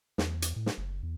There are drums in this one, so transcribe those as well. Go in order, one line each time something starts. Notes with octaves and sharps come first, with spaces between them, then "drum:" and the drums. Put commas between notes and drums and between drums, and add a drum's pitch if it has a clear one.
E2, drum: snare
drum: hi-hat
A2
drum: snare
F#1
E2